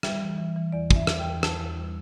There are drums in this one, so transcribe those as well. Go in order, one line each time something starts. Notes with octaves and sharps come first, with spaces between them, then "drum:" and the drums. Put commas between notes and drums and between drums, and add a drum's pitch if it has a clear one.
G3 E5, drum: rim click
E3
E3
E3
E2 D5
E2, drum: kick
E5
E2, drum: rim click
G5
E3
E2 A5, drum: rim click
E2
G3